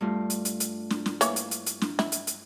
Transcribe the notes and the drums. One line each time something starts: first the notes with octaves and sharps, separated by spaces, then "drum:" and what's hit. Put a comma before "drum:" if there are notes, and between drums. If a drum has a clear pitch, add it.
G2 A3 F4
drum: hi-hat
drum: hi-hat
drum: hi-hat
drum: snare
drum: snare
E3 A#3 C#5, drum: hi-hat
drum: hi-hat
drum: hi-hat
drum: hi-hat
drum: snare
E4, drum: snare
drum: hi-hat
drum: hi-hat